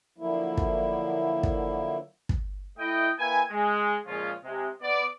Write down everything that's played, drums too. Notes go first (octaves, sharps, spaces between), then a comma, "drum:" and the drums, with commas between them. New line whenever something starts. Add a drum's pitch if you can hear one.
D3 F3 F#3 A#3 E4
drum: kick
drum: kick
drum: kick
A3 E4 D#5 G5
A#3 E4 B4 G5 G#5
G#3
A#2 C#3 F3 G#3 C#4 F4
C3 G#3
B3 D5